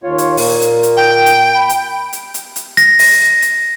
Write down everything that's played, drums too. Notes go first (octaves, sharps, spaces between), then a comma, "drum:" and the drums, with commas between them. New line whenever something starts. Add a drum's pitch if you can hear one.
D#2 F4 C#5
drum: hi-hat
A#2 A#3, drum: open hi-hat
drum: hi-hat
drum: hi-hat
G5
drum: hi-hat
B5
drum: hi-hat
drum: hi-hat
drum: hi-hat
drum: hi-hat
A#6, drum: hi-hat
drum: open hi-hat
drum: hi-hat